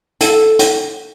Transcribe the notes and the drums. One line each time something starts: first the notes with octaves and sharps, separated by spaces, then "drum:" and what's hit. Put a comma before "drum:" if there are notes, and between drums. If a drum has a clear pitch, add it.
A4, drum: hi-hat
drum: hi-hat